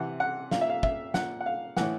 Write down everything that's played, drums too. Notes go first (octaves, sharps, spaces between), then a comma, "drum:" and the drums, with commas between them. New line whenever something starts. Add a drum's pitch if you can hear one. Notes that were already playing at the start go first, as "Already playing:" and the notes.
Already playing: C3 E3 F#5
F#5
A#2 F5, drum: snare
E5
F5
E5, drum: kick
A#2 F#5, drum: snare
F#5
F5
A2 E3 F#5, drum: snare